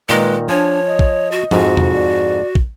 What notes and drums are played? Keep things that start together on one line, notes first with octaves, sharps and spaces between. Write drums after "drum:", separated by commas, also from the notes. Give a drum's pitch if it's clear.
A#2 D#3 G#3 B4 A#5
F3 D4 C#5 G#5
D#5
drum: kick
F#4
F2 G#2 F#4, drum: tom F3
drum: tom E2
D5
drum: kick